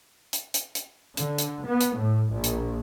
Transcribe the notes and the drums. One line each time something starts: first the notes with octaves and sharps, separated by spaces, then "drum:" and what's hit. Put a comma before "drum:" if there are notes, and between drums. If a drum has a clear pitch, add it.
drum: hi-hat
drum: hi-hat
drum: hi-hat
D3, drum: hi-hat
drum: hi-hat
B3
drum: hi-hat
A2
A#1
drum: hi-hat